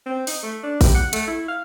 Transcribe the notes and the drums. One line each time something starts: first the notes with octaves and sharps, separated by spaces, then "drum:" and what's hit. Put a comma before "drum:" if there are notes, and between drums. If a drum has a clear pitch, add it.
C4
D#4, drum: open hi-hat
A3
D4
G4, drum: kick A1, open hi-hat
F#5
A3, drum: hi-hat
E4
F5